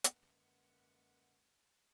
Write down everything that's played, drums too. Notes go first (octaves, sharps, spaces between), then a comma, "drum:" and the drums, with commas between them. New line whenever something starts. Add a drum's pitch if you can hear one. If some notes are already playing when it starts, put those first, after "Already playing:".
F#2 D3 G#3 A#3 B4 F#5, drum: hi-hat